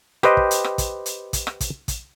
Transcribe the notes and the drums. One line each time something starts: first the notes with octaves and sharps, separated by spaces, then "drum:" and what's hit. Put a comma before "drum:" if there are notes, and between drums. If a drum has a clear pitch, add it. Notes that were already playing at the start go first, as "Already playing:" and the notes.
G4 B4 C5 D#5 G5, drum: rim click
drum: kick
drum: hi-hat
drum: rim click
drum: kick, hi-hat
drum: hi-hat
drum: kick, hi-hat
drum: rim click
drum: kick, hi-hat
drum: kick, hi-hat